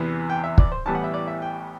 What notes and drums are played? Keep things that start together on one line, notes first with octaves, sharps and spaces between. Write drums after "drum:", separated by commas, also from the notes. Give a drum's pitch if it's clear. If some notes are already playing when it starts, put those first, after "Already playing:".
Already playing: E2 C3 E3 B3
G5
E5
D5, drum: kick
C5
A1 A2 E3 G3 B3 A5
F#5
E5
D5
E5
G5